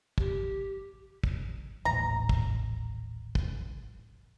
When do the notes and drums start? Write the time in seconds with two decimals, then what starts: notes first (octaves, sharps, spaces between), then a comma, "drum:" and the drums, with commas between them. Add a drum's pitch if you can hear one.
0.18 G4, drum: kick
1.24 drum: kick
1.85 D#1 A1 A#2 A#5
2.29 drum: kick
3.35 drum: kick